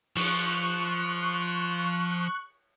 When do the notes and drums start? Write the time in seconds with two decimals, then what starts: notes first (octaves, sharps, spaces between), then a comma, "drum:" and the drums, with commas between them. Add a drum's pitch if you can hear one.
0.16 F3 C#6 F#6, drum: cymbal